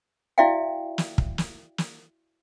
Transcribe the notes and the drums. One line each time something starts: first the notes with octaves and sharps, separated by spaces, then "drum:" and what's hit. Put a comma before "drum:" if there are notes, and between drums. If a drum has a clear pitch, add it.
E4 F#4 D5 E5 F5 G5
drum: snare
drum: kick
drum: snare
drum: snare